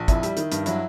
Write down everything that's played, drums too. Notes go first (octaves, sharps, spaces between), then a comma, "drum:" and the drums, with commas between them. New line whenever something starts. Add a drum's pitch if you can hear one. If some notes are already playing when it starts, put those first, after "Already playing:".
Already playing: A#1
F2 E4, drum: kick, hi-hat
G3, drum: hi-hat
D#3, drum: hi-hat
G2, drum: hi-hat
F#3 E4, drum: hi-hat